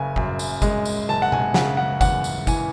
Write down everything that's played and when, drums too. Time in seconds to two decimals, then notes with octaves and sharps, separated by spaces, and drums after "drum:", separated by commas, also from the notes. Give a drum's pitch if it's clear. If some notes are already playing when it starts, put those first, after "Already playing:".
Already playing: F#1 C#3 G#5
0.16 F#2, drum: kick G1
0.39 drum: tambourine
0.62 G#3, drum: kick G1, tambourine
0.85 drum: tambourine
1.09 F#1 A5
1.22 F#5
1.32 G#5, drum: tom B2
1.54 C#3 F#5, drum: snare
1.77 F#5
2.01 E2 F#5, drum: kick G1, tambourine
2.24 drum: tambourine
2.47 E3 G#5, drum: kick G1, tambourine